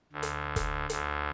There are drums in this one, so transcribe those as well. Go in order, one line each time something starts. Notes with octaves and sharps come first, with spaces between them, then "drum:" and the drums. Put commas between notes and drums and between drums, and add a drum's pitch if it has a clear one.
D2
drum: hi-hat
drum: kick, hi-hat
D2, drum: hi-hat